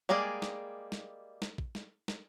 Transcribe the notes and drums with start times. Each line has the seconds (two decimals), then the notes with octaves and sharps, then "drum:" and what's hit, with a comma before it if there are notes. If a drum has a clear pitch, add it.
0.09 G3 G#3 A#3 G#4 D5
0.42 drum: snare
0.92 drum: snare
1.42 drum: snare
1.58 drum: kick
1.75 drum: snare
2.08 drum: snare